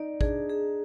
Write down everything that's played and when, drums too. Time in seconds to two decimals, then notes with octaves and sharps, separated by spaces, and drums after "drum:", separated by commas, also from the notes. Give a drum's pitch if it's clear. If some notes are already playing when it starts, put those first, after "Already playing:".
Already playing: D#4 D5
0.21 D4 G#4, drum: kick
0.49 G#4